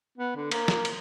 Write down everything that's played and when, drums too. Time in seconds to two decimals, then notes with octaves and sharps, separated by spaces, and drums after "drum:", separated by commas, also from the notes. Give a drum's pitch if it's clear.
0.18 B3
0.36 D3
0.51 A#3, drum: cymbal
0.68 drum: snare
0.85 drum: cymbal